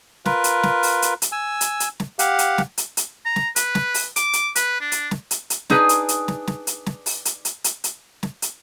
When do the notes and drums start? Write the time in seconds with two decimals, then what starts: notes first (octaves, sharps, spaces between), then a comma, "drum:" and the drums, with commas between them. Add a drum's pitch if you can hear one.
0.25 F4 A#4 B4, drum: snare
0.44 drum: hi-hat
0.63 drum: snare
0.83 drum: open hi-hat
1.02 drum: hi-hat
1.22 drum: hi-hat
1.32 G#5 E6
1.61 drum: hi-hat
1.80 drum: hi-hat
2.00 drum: snare
2.19 G4 F5 F#5, drum: hi-hat
2.39 drum: hi-hat
2.58 drum: snare
2.78 drum: hi-hat
2.97 drum: hi-hat
3.25 A#5
3.36 drum: snare
3.56 B4, drum: hi-hat
3.75 drum: snare
3.94 drum: open hi-hat
4.16 D6, drum: hi-hat
4.33 drum: hi-hat
4.55 B4, drum: hi-hat
4.81 D4
4.92 drum: hi-hat
5.11 drum: snare
5.31 drum: hi-hat
5.50 drum: hi-hat
5.70 D4 D#4 G#4 B4 G#5, drum: snare
5.89 drum: hi-hat
6.09 drum: hi-hat
6.28 drum: snare
6.47 drum: snare
6.67 drum: hi-hat
6.86 drum: snare
7.06 drum: open hi-hat
7.25 drum: hi-hat
7.45 drum: hi-hat
7.64 drum: hi-hat
7.84 drum: hi-hat
8.23 drum: snare
8.42 drum: hi-hat